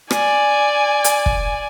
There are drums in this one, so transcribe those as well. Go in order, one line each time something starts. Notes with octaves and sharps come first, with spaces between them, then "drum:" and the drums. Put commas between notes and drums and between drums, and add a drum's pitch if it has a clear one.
D5 G#5, drum: rim click
drum: hi-hat
drum: kick